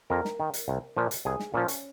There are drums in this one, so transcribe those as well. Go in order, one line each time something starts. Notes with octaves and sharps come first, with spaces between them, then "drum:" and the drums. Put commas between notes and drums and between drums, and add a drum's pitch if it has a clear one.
F2 A#4
drum: snare
D#3
drum: hi-hat
C2
A#2 F3
drum: hi-hat
C2 G#4
drum: snare
A#2 F3 C#4
drum: hi-hat